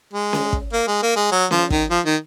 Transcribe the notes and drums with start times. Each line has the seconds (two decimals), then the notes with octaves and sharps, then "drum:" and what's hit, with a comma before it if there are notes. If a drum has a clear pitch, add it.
0.13 G#3
0.33 drum: snare C#4
0.53 drum: kick
0.73 A#3
0.87 G#3
1.02 A#3
1.16 G#3
1.32 F#3
1.51 F3, drum: snare C#4
1.70 D#3, drum: kick
1.90 F3
2.05 D#3